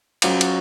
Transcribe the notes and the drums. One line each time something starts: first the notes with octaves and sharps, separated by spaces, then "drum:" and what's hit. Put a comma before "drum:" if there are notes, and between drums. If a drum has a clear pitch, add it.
F#3 C#4 F4, drum: cymbal
drum: cymbal